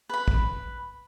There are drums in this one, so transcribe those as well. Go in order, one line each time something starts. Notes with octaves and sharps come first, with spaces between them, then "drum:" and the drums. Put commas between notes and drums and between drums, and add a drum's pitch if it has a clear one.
B4 B5
drum: kick